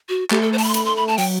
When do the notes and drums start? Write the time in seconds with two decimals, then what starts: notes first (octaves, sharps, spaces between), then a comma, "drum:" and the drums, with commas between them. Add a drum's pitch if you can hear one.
0.09 F#4
0.31 A3 G4, drum: clap
0.42 A4
0.53 C5
0.58 A5, drum: open hi-hat
0.64 B5
0.69 C6
0.74 B5, drum: hi-hat
0.85 C6
0.97 B5
1.08 A5
1.18 F#3 G5, drum: open hi-hat